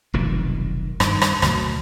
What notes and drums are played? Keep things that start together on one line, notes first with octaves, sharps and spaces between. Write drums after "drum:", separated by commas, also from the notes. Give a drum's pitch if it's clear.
F1 B1 A#2 D#3
G2 D#3, drum: rim click
drum: rim click
D2 B2 F#3, drum: rim click